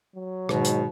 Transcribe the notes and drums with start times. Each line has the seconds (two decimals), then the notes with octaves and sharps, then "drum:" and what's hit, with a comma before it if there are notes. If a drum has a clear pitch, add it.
0.16 F#3
0.49 G#2 B2 D#3, drum: rim click
0.65 drum: hi-hat